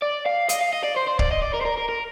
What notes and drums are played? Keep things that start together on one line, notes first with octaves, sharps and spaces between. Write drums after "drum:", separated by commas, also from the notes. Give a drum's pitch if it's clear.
D5
F5
D#5, drum: hi-hat
F5
D#5
D5
C5
C5
D5, drum: kick C#1
D#5
D5
A#4
C5
A#4
A#4
A#4